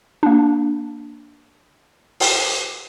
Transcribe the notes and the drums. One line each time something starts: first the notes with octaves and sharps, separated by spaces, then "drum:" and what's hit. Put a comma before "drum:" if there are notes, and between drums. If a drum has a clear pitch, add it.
A#3 D4
drum: open hi-hat